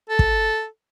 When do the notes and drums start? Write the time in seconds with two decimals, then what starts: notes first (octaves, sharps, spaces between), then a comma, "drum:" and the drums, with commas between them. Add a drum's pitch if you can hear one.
0.10 A4
0.19 drum: kick